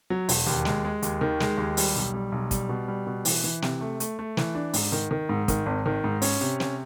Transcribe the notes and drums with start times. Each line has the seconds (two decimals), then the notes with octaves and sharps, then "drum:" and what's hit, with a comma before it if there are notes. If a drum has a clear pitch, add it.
0.10 F#3
0.29 E1, drum: open hi-hat
0.47 D#2
0.65 G#3, drum: snare
0.85 G#3
1.02 D#2, drum: hi-hat
1.21 D#3
1.40 G#3, drum: snare
1.58 D#2
1.77 G3, drum: open hi-hat
1.95 B1
2.14 G3
2.32 B1
2.51 G3, drum: kick, hi-hat
2.69 B2
2.88 G3
3.07 B2
3.25 E3, drum: open hi-hat
3.44 E3
3.62 C3, drum: snare
3.81 A3
4.00 A3, drum: hi-hat
4.19 A3
4.37 E3, drum: snare
4.55 D4
4.73 G#2, drum: open hi-hat
4.92 D#3
5.11 D#3
5.29 G#2
5.48 D#3, drum: kick, hi-hat
5.66 G#1
5.86 D#3
6.04 G#2
6.22 C#4, drum: open hi-hat
6.41 C3
6.60 C#4, drum: snare